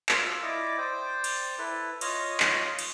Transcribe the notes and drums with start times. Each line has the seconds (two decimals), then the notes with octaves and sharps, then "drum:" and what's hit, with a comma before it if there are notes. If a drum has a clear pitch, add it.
0.09 F4 E6, drum: clap
0.43 E4 D5 D#5 D6
0.78 C5 D5 G5
1.24 drum: cymbal
1.59 E4 A4 B4
2.01 F4 C#5 D#5, drum: cymbal
2.40 drum: clap
2.79 drum: cymbal